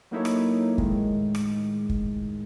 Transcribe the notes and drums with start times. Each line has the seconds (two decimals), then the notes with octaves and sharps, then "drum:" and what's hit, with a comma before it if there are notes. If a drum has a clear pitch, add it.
0.11 F#3 A#3 D#4 E4 A4 C#5
0.25 drum: rim click
0.78 A2 D#3 G#3, drum: kick
1.35 drum: rim click
1.89 drum: kick